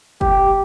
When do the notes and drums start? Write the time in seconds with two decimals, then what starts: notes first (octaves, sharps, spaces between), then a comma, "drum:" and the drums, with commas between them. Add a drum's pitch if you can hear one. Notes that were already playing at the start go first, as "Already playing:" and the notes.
0.21 G4, drum: kick